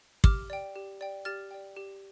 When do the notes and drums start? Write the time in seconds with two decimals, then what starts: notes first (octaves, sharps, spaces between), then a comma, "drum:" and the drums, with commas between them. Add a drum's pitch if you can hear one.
0.24 G4 D6 F6, drum: kick
0.50 D5 G5
0.76 G4
1.01 D5 G5
1.25 G4 F6 A6
1.51 D5 G5
1.77 G4